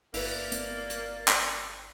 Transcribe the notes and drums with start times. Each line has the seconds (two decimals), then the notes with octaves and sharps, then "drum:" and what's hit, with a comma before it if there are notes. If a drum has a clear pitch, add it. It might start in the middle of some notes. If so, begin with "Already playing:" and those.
0.14 G1 A#3 E4 B4 D5, drum: open hi-hat
0.52 drum: hi-hat
0.90 drum: hi-hat
1.28 drum: clap